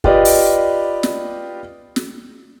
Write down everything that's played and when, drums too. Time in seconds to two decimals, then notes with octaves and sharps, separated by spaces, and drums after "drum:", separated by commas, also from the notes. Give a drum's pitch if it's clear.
0.04 F4 G4 B4 D5 D#5, drum: kick
0.25 drum: open hi-hat
1.03 drum: snare
1.96 drum: snare